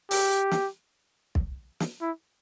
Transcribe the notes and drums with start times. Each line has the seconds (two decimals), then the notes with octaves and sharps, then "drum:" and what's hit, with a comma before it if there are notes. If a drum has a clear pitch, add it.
0.11 G4, drum: open hi-hat
0.51 drum: snare
1.35 drum: kick
1.80 drum: snare
2.01 E4